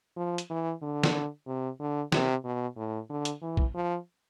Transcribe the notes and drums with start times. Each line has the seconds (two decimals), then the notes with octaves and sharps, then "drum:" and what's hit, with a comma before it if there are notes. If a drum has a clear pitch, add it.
0.16 F3
0.38 drum: hi-hat
0.50 E3
0.82 D3
1.03 drum: snare
1.47 C3
1.80 D3
2.12 C3, drum: snare
2.44 B2
2.77 A2
3.10 D3
3.25 drum: hi-hat
3.42 E3
3.57 drum: kick
3.74 F3